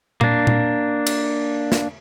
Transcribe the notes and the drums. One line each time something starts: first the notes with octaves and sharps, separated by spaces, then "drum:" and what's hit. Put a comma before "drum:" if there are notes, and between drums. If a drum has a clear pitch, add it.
A#3 D4, drum: tom A#2
drum: tom A#2
drum: cymbal
drum: snare